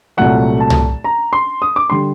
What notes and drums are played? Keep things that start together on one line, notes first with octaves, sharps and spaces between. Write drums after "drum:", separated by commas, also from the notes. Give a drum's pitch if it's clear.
C2 A#2 F#3 A3 F#5
A5
drum: tom
A#5
C6
D#6
D6
D3 G3 C6